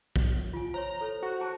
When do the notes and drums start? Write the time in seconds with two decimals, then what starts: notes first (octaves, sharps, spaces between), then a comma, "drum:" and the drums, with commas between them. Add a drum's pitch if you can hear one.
0.16 drum: kick
0.53 F4 G#5
0.74 C5 C#5 A#5 C6
1.01 A4 C5 C#5
1.23 F#4
1.41 G#4 A5 A#5